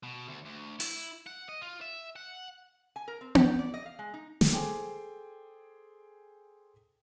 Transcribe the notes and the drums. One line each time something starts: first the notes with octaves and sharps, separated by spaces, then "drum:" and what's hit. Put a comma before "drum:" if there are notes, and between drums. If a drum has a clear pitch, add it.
B2
D2
D2
E4, drum: open hi-hat
F#5
D#5
F4
E5
F#5
G#5
A#4
C4
G4, drum: tom B3
D5
D#5
F5
G#3
D#4
drum: snare
G#4 A4 C5 G5 G#5 D6